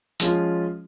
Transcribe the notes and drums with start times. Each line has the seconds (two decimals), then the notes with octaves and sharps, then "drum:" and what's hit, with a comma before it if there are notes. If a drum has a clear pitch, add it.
0.20 F3 G#3 C#4 F4, drum: hi-hat